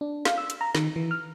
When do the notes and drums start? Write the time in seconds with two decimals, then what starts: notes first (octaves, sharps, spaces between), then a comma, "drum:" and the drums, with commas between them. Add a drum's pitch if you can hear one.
0.01 D4
0.25 F5, drum: snare
0.38 E6
0.50 drum: hi-hat
0.61 A#5
0.75 D#3, drum: snare
0.96 E3
1.11 F6